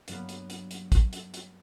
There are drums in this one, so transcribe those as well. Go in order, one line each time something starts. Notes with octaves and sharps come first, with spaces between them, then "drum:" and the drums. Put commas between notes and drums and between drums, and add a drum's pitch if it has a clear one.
G2 F#3 A#3 B3 A#4, drum: hi-hat
drum: hi-hat
drum: hi-hat
drum: hi-hat
drum: kick, hi-hat
drum: hi-hat
drum: hi-hat